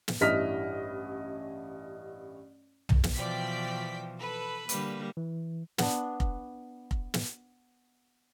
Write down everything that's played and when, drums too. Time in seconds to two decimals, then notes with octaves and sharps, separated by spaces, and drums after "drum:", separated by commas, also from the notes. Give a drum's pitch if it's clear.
0.08 drum: snare
0.21 A1 G2 E4 D#5 F6 B6
2.89 drum: tom
3.04 drum: snare
3.14 B2 E3 F3 D5 G5 B6
4.19 A4 B4
4.69 D3 G3 A#3, drum: hi-hat
5.17 E3
5.78 B3 D4, drum: snare
6.20 drum: kick F1
6.91 drum: kick F1
7.14 drum: snare